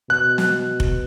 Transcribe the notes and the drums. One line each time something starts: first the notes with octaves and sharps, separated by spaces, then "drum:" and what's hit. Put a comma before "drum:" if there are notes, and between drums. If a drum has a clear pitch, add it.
B2 F#6
drum: snare
drum: kick F1